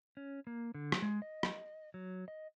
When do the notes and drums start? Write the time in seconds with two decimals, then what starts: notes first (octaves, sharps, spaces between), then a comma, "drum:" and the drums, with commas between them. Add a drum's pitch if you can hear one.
0.17 C#4
0.47 A#3
0.74 D3
0.92 drum: rim click
1.02 G#3
1.22 D#5
1.43 drum: rim click
1.94 F#3
2.28 D#5